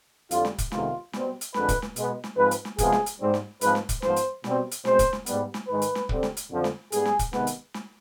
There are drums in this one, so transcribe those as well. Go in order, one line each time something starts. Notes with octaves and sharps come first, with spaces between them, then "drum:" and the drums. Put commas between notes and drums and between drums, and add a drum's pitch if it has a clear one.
F2 D3 G3 F4, drum: hi-hat
drum: snare
drum: kick, hi-hat
F2 C3 D#3 G#3 B3 F4, drum: snare
B2 G3 C4, drum: snare
drum: hi-hat
F2 D3 G#3 B4, drum: snare
drum: kick, hi-hat
drum: snare
B2 G#3 B3, drum: hi-hat
drum: snare
G#2 F3 C4 B4
drum: hi-hat
drum: snare
C3 F3 G#3 B3 G#4, drum: kick, hi-hat
drum: snare
drum: hi-hat
G#2 G3 C4
drum: snare
G#2 F3 C4 B4, drum: hi-hat
drum: snare
drum: kick, hi-hat
G#2 F3 B3 C5, drum: snare
drum: hi-hat
B2 G3 C4, drum: snare
drum: hi-hat
B2 G#3 C4 C5, drum: snare
drum: kick, hi-hat
drum: snare
G#2 G3 B3, drum: hi-hat
drum: snare
G#2 D#3 G#3 B4
drum: hi-hat
drum: snare
D3 G3 C4, drum: kick
drum: snare
drum: hi-hat
F2 D3 F3
drum: snare
G#2 G3 B3 G#4, drum: hi-hat
drum: snare
drum: kick, hi-hat
C3 D#3 G#3 B3, drum: snare
drum: hi-hat
drum: snare